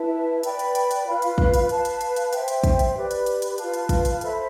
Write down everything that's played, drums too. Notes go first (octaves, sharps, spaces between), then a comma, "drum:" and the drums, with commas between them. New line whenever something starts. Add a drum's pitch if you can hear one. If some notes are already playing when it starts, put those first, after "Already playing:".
Already playing: E4 B4 E5 A5
B4 D5 G5 B5, drum: hi-hat
drum: hi-hat
drum: hi-hat
drum: hi-hat
F4 B4 F5 B5
drum: hi-hat
drum: kick
drum: hi-hat
B4 F5 A5, drum: hi-hat
drum: hi-hat
drum: hi-hat
drum: hi-hat
C5 E5 G5, drum: hi-hat
drum: hi-hat
drum: kick, hi-hat
drum: hi-hat
G4 B4 D5
drum: hi-hat
drum: hi-hat
drum: hi-hat
F4 B4 F5 A5, drum: hi-hat
drum: hi-hat
drum: kick, hi-hat
drum: hi-hat
A4 C5 E5 B5, drum: hi-hat